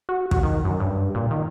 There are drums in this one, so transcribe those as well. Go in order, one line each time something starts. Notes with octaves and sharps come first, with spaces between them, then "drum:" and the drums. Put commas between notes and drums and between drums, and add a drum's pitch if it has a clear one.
F#4
F#4, drum: kick
D#3
F#2
G2
A#2
D#3